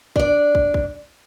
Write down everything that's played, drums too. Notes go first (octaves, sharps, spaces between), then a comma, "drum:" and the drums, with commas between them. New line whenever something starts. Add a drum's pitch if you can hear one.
D4 D5, drum: kick
drum: kick
drum: kick